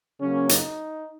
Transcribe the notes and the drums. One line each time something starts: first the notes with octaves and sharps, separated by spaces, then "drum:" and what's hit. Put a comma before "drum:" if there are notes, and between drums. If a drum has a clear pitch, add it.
C#3 F#3 A#3 C#4
D#4, drum: hi-hat